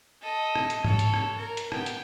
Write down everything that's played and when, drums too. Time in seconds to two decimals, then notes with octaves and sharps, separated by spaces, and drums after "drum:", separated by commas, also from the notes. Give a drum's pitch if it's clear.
0.21 A4 D#5
0.55 drum: rim click
0.70 drum: hi-hat
0.84 A4 C#5, drum: tom G#2
0.99 drum: hi-hat
1.14 drum: rim click
1.37 A#4
1.57 drum: hi-hat
1.72 B3 G5, drum: rim click
1.86 drum: hi-hat